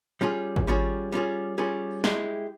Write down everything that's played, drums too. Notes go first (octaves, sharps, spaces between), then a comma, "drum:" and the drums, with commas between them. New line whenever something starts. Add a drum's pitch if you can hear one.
G3 C#4 F4 G#4
drum: kick G#1
G3 C#4 F4 G#4
G3 C#4 F4 G#4
G3 C#4 F4 G#4
G#3 E4 G4, drum: snare